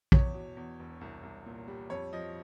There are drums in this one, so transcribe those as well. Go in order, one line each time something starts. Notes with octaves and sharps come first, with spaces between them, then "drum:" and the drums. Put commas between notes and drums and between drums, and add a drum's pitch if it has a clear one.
E2 C#5, drum: kick
B2
E2
E1
C2
C2
A#2
G3
F2 C#5
F3 D#5